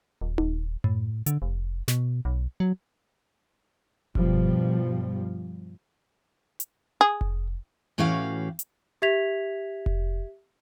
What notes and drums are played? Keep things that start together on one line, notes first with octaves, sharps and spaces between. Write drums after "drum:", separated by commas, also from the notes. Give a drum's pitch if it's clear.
D#1
D#1, drum: tom D#4
A2, drum: tom F#2
D3, drum: hi-hat
F1
B2, drum: snare
B1
F#3
G2 B2 F3 G3, drum: kick F1
drum: hi-hat
G#4
drum: kick F1
A2 E3 C#4 F#4 G4 F5
drum: hi-hat
G4 E5 G#6 B6 F7
drum: kick F1